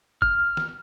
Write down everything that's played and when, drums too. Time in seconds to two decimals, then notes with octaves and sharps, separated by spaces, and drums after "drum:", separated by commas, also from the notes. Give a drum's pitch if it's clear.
0.22 F6, drum: kick
0.57 drum: snare